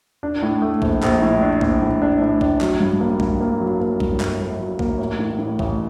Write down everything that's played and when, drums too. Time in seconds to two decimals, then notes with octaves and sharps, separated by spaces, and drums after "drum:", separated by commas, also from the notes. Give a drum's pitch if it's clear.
0.23 D4
0.42 A2
0.62 A3
0.82 A#1, drum: kick
1.03 A#1, drum: clap
1.22 A2
1.42 D4
1.61 A#1, drum: kick
1.82 A2
2.02 D4
2.22 A2
2.41 D4, drum: kick
2.61 F#3, drum: clap
2.80 G2
3.00 A#3
3.20 G2, drum: kick
3.41 A#3
3.61 F#3
3.80 A#3
4.00 G2, drum: kick
4.20 G1, drum: clap
4.40 G1
4.59 F#3
4.79 A#3, drum: kick
4.98 A1
5.19 A2
5.39 A2
5.59 A1, drum: kick